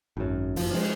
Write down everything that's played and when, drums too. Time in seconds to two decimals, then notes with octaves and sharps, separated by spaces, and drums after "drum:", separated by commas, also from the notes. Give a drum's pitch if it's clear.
0.17 G#1 F#2
0.56 F#1 F3, drum: open hi-hat
0.71 F3 G#3, drum: cymbal